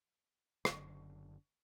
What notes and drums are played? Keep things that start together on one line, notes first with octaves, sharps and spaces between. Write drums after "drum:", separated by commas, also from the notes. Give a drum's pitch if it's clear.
F#1 D3, drum: rim click